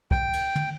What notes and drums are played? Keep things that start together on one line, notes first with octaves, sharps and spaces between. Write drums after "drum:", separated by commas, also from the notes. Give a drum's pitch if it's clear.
G5, drum: kick
drum: cymbal
drum: tom